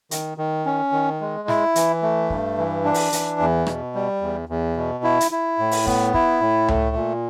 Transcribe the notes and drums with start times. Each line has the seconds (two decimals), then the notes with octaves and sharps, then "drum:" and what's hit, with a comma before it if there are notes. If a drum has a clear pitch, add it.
0.11 D#3, drum: hi-hat
0.38 D#3
0.66 C#4
0.92 D#3
1.21 G#3
1.48 E4, drum: snare
1.76 E3, drum: hi-hat
2.02 A3
2.30 G2, drum: kick
2.58 E3
2.84 D4
2.94 drum: open hi-hat
3.12 E3, drum: hi-hat
3.40 E2
3.67 B2, drum: rim click
3.95 G3
4.21 E2
4.49 E2
4.77 B2
5.04 E4
5.21 drum: hi-hat
5.31 E4
5.59 A2
5.71 drum: open hi-hat
5.87 B3, drum: kick
6.14 E4, drum: kick
6.41 A2
6.68 A3, drum: tom C#2
6.96 A#2